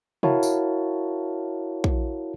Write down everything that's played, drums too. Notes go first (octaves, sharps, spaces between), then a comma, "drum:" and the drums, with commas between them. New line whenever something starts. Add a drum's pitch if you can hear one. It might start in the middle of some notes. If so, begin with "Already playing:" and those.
E4 F#4 A#4 C#5 F5 A5, drum: tom C3
drum: tambourine
drum: kick